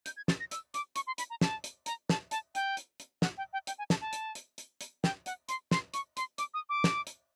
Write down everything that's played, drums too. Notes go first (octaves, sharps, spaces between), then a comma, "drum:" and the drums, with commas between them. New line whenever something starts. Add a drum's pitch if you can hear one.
G6, drum: hi-hat
G#6
A6, drum: snare
A#6
E6, drum: hi-hat
D6, drum: hi-hat
C#6, drum: hi-hat
C6
B5, drum: hi-hat
A#5
A5, drum: snare
drum: hi-hat
A#5, drum: hi-hat
A5, drum: snare
A5, drum: hi-hat
G5, drum: hi-hat
drum: hi-hat
drum: hi-hat
F#5, drum: snare
G5
G5
G5, drum: hi-hat
G#5
A5, drum: snare
A5
drum: hi-hat
drum: hi-hat
drum: hi-hat
drum: hi-hat
G5, drum: snare
F#5, drum: hi-hat
C6, drum: hi-hat
C6, drum: snare
C#6, drum: hi-hat
C6, drum: hi-hat
D6, drum: hi-hat
D#6
D6
drum: snare
drum: hi-hat